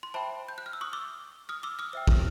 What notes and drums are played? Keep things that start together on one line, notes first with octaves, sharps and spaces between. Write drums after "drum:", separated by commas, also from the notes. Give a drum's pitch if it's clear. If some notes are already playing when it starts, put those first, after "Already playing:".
C6
C5 E5 G5 A5 B5
G6
F#6
F6
E6
C#6 D#6
D6 E6
D#6 F6
D6 E6
D#6 F6
C5 E5 G5 E6
F6, drum: kick